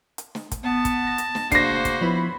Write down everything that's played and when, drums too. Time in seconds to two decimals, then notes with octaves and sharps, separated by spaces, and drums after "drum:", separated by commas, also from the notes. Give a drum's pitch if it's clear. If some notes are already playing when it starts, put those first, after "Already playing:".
0.18 drum: hi-hat
0.35 drum: snare
0.51 drum: kick, hi-hat
0.63 B3 A5
0.85 drum: kick, hi-hat
1.07 A#6
1.18 drum: hi-hat
1.35 drum: snare
1.52 C#3 A3 A#3 D4 F#4 C5 A#6 C7, drum: kick, hi-hat
1.85 drum: kick, hi-hat
2.01 F3 B3 E4 C#5 B5